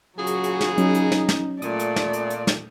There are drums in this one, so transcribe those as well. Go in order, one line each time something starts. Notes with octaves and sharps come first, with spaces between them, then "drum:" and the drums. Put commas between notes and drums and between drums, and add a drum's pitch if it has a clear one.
A#2 C#3 F#3 F#4 G#4
drum: hi-hat
drum: hi-hat
drum: snare
F#3 C#4 D#4, drum: hi-hat
drum: hi-hat
drum: snare
drum: snare
A#2 A3 D5 D#6, drum: hi-hat
drum: hi-hat
drum: snare
drum: hi-hat
drum: hi-hat
drum: snare